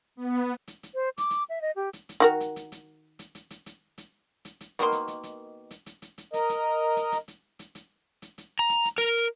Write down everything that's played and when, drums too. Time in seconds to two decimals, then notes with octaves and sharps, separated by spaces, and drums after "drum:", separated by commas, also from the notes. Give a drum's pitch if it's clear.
0.16 B3
0.67 drum: hi-hat
0.83 drum: hi-hat
0.94 C5
1.18 D6, drum: hi-hat
1.30 drum: hi-hat
1.49 E5
1.61 D#5
1.76 G4
1.93 drum: hi-hat
2.09 drum: hi-hat
2.20 D#3 F#4 A#4
2.40 drum: hi-hat
2.56 drum: hi-hat
2.72 drum: hi-hat
3.19 drum: hi-hat
3.35 drum: hi-hat
3.50 drum: hi-hat
3.66 drum: hi-hat
3.98 drum: hi-hat
4.45 drum: hi-hat
4.60 drum: hi-hat
4.79 B2 D#3 A#3 C6, drum: hi-hat
4.92 drum: hi-hat
5.08 drum: hi-hat
5.23 drum: hi-hat
5.71 drum: hi-hat
5.86 drum: hi-hat
6.02 drum: hi-hat
6.18 drum: hi-hat
6.33 A#4 D#5, drum: hi-hat
6.49 drum: hi-hat
6.96 drum: hi-hat
7.12 drum: hi-hat
7.28 drum: hi-hat
7.59 drum: hi-hat
7.75 drum: hi-hat
8.22 drum: hi-hat
8.38 drum: hi-hat
8.59 A#5
8.69 drum: hi-hat
8.85 drum: hi-hat
8.98 A#4, drum: hi-hat